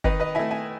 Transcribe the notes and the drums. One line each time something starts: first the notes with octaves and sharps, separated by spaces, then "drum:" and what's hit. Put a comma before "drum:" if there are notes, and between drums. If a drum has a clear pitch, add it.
D#3 B4 D#5, drum: kick F#1
B4 D#5
A3 E4 E5 G#5
E5 G#5